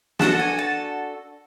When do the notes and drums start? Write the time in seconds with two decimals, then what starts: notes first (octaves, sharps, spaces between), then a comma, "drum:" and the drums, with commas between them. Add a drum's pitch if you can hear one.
0.19 D4 F#4 A4 A5, drum: snare
0.39 G#5
0.59 A5